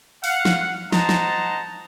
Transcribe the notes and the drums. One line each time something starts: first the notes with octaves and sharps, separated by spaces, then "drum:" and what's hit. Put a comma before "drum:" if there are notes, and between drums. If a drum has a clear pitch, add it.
F5 F#5, drum: open hi-hat
drum: snare
C5 D#5 F#5 A5 A#5, drum: snare
drum: snare